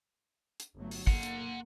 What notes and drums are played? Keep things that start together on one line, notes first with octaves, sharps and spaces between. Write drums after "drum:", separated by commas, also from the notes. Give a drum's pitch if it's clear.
drum: hi-hat
G1 F#3 A3
drum: open hi-hat
A#3 F#5 C6, drum: kick
drum: hi-hat